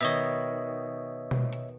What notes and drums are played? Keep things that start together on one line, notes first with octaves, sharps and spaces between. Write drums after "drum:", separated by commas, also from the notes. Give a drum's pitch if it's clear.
B2 D#3 C#5 D#5 E5
drum: tom B2
drum: hi-hat